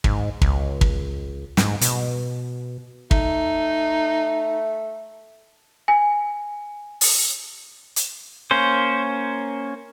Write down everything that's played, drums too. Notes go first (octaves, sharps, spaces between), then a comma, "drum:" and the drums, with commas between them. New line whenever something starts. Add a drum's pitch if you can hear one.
G#2, drum: kick
C#2, drum: kick
drum: kick
G#2, drum: snare
B2, drum: hi-hat
A3 D#4, drum: kick
G#5
drum: open hi-hat
drum: hi-hat
A#3 C#4 C5